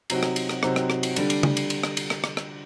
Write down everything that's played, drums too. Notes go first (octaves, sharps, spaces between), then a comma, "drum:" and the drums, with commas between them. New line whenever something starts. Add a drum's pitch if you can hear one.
C3 F#3 C4 D#4 F#4, drum: cymbal
drum: rim click
drum: cymbal
drum: rim click
C3 F#3 C4 D#4 F#4, drum: rim click
drum: rim click
drum: rim click
drum: cymbal
D3 G3 D4, drum: cymbal
drum: cymbal
drum: tom C#3
drum: cymbal
drum: cymbal
drum: rim click
drum: cymbal
drum: rim click
drum: rim click
drum: rim click